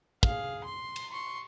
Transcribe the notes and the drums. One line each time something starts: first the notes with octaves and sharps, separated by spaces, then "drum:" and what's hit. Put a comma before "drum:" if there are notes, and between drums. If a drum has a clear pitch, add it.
G#4 F5, drum: kick
C6
drum: cymbal
C6 C#6